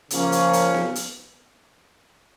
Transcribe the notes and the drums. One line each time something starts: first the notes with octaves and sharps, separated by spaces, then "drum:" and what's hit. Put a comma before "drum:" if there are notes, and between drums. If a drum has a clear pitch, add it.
C#3 F3 A#3 C#4, drum: hi-hat
drum: hi-hat
drum: hi-hat
drum: snare B3
drum: hi-hat